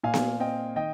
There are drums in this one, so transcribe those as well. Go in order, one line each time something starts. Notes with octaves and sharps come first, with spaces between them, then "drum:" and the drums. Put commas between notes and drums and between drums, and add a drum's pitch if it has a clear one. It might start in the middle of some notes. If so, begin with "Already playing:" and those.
A#2 F5 G#5
drum: snare B3
C4 D#5 G5
D#3 D#5 G5